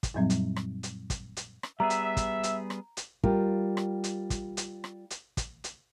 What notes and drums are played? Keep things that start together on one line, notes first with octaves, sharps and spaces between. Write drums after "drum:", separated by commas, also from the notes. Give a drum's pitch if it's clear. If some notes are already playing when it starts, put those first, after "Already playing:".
drum: kick, hi-hat
F#2 A#2 F#3 G3 C4
drum: hi-hat
drum: rim click
drum: hi-hat
drum: kick, hi-hat
drum: hi-hat
drum: rim click
G3 B3 G#4 E5 A#5
drum: hi-hat
drum: kick, hi-hat
drum: hi-hat
drum: rim click
drum: hi-hat
G3 F4 G4 A#4, drum: kick
drum: rim click
drum: hi-hat
drum: kick, hi-hat
drum: hi-hat
drum: rim click
drum: hi-hat
drum: kick, hi-hat
drum: hi-hat